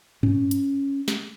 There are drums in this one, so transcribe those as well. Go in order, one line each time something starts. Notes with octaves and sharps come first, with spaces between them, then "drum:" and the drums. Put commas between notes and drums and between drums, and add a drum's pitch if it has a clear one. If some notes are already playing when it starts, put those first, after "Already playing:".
C#4, drum: tom G2
drum: hi-hat
drum: snare